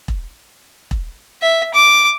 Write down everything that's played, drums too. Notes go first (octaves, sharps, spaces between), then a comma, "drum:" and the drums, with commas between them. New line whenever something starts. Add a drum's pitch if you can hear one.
drum: kick E1
drum: kick E1
E5
D6